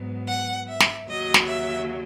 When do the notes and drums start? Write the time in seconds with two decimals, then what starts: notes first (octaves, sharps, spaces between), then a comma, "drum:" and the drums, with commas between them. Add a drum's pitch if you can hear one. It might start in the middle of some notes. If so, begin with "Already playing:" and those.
Already playing: G#2 F#3 B3
0.27 F#5
0.68 E5
0.80 drum: snare
1.07 D#2 C#3 F#3 D#5
1.34 drum: snare
1.47 E5